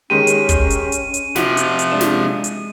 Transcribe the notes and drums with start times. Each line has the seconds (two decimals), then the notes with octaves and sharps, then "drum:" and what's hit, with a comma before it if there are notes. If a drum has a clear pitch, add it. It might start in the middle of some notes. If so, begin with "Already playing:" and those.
0.10 D#3 G#3 C#4 G4 D#7
0.27 drum: hi-hat
0.49 drum: kick, hi-hat
0.71 drum: hi-hat
0.92 drum: hi-hat
1.14 drum: hi-hat
1.36 C3 F3 F#4, drum: snare
1.57 drum: hi-hat
1.79 drum: hi-hat
1.92 G#3 D4 E7
2.01 drum: snare
2.44 drum: hi-hat